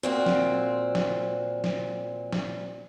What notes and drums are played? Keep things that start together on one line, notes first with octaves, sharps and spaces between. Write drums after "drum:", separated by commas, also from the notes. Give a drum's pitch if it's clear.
A#2 C4 F#4
drum: snare
drum: snare
drum: snare
drum: snare